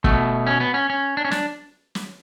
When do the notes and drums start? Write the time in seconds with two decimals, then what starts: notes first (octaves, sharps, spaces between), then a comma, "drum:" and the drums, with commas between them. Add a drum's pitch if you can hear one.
0.04 B2 A3, drum: kick
0.47 C#4
0.60 B3
0.74 C#4
0.90 C#4
1.17 D4
1.25 C#4
1.31 D4, drum: snare
1.95 drum: snare